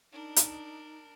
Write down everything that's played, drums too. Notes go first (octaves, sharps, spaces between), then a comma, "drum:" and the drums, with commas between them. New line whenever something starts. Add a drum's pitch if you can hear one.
D4 D#4 A#4
drum: hi-hat